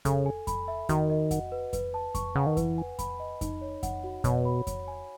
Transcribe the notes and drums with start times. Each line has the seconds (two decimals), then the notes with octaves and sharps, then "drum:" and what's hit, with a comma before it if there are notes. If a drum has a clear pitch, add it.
0.05 C#3 A4, drum: kick F2, hi-hat
0.26 G#5
0.47 B5, drum: kick F2, hi-hat
0.68 E5
0.89 D#3 F#4, drum: kick F2, hi-hat
1.10 D#5
1.31 F#5, drum: kick F2, hi-hat
1.52 B4
1.73 B4, drum: kick F2, hi-hat
1.94 A5
2.15 C#6, drum: kick F2, hi-hat
2.35 C#3 F#5
2.46 D#3
2.57 E3 B4, drum: kick F2, hi-hat
2.78 G#5
2.99 B5, drum: kick F2, hi-hat
3.20 D#5
3.41 D#4, drum: kick F2, hi-hat
3.61 C#5
3.83 F#5, drum: kick F2, hi-hat
4.04 F#4
4.24 B2 C#5, drum: kick F2, hi-hat
4.45 B5
4.67 C#5, drum: kick F2, hi-hat
4.88 G#5